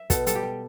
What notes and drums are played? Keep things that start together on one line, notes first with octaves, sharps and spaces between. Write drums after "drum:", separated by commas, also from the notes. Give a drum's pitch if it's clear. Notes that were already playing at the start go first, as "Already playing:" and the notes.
Already playing: E5
B2 A4, drum: kick, hi-hat
G3 A4, drum: hi-hat
G4
G3